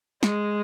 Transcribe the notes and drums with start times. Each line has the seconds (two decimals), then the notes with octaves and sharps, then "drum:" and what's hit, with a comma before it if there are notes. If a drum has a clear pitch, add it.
0.23 G#3, drum: snare